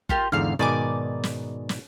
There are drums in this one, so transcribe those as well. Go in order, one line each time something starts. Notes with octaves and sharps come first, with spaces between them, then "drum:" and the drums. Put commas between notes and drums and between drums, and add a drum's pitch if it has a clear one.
F4 G4 A#4, drum: kick
E2 G#2 D3 F5 F6
G#2 B2 D#3 D5 G#5 D6
drum: snare
drum: snare